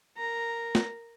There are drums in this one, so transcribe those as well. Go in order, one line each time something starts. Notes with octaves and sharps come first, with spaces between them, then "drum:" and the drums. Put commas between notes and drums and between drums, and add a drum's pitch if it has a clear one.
A#4 A#5
drum: snare